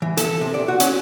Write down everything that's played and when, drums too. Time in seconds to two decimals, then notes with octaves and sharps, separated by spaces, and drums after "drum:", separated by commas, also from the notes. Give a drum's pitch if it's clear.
0.02 E3
0.17 A4, drum: hi-hat
0.41 C3
0.54 D5
0.68 F#4
0.80 C#4, drum: hi-hat